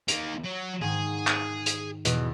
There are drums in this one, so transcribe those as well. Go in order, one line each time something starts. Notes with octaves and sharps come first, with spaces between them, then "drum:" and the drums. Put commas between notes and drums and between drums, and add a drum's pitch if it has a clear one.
D#3 A#3, drum: hi-hat
F#3
G#2 D#3 G#4
drum: clap
drum: hi-hat
E2 B2, drum: hi-hat